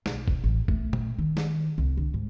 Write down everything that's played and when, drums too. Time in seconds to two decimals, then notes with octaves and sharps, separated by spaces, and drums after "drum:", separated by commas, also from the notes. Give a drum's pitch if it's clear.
0.06 B1, drum: snare
0.28 drum: kick G1
0.44 A1
0.68 A3, drum: kick G1
0.93 drum: tom A#2
1.19 D#3
1.37 drum: snare
1.78 C2
1.97 D3
2.14 G#2